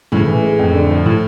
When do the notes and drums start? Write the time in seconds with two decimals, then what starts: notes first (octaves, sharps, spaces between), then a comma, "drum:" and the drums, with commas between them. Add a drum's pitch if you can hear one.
0.12 A2 C#3, drum: tom
0.27 E3
0.43 G#3
0.59 F2
0.74 D3
0.91 F3
1.06 A2